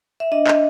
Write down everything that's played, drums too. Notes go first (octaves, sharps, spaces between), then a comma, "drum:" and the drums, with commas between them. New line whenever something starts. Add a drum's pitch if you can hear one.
E5
D4 D#5
drum: clap